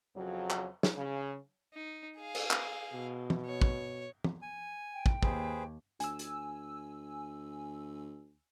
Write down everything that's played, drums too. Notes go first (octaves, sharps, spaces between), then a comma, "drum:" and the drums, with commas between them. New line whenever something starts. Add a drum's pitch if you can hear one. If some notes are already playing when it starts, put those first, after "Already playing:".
F2 C#3 F#3
drum: clap
drum: snare
C#3
D#4
G#4 F5
drum: cymbal
drum: clap
B2
drum: tom
C#5
drum: kick
drum: tom
G#5
G5
drum: kick
D#2 G#4 B4 C5, drum: kick
D2 G#5 E6, drum: hi-hat
drum: hi-hat